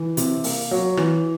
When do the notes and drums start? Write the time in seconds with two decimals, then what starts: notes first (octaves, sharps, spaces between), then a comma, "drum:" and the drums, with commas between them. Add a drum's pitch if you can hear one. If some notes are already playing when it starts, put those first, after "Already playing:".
Already playing: E3
0.17 C3, drum: hi-hat
0.44 A#3, drum: open hi-hat
0.71 F#3
0.97 E3, drum: rim click